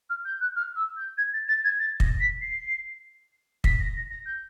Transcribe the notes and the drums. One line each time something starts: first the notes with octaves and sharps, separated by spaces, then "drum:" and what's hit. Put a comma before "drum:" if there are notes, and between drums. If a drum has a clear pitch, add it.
F6
G6
F#6
F6
E6
G6
G#6
A6
A6
G#6
A6
A#6, drum: kick
B6
C7
B6, drum: kick
A#6
A#6
A#6
G6